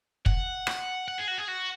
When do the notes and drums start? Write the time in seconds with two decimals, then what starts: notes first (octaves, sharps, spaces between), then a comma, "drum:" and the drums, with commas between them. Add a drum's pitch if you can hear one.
0.26 F#5, drum: kick
0.67 drum: rim click
1.08 F#5
1.18 G#4
1.28 F#4
1.38 G#4
1.48 F#4